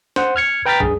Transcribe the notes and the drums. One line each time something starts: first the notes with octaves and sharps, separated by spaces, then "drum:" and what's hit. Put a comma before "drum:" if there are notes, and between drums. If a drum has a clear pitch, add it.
C5 F#5, drum: snare
F6 G#6 C#7
B4 G5 A#5 F6 A6 B6
G2 G#4, drum: kick